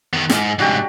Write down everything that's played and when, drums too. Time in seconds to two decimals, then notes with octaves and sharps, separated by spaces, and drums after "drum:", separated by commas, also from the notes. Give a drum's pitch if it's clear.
0.13 D#3 B3
0.30 G#2, drum: snare
0.59 C2 G#2 D4 F#4 G4